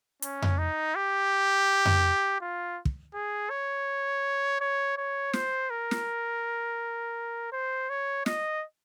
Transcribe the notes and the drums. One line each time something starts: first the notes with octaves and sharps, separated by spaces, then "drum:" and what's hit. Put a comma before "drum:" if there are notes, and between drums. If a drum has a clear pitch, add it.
C#4, drum: hi-hat
drum: tom F2
D#4
G4
drum: tom F2
F4
drum: kick
G#4
C#5
C#5
C#5
C5, drum: snare
A#4
drum: snare
C5
C#5
D#5, drum: snare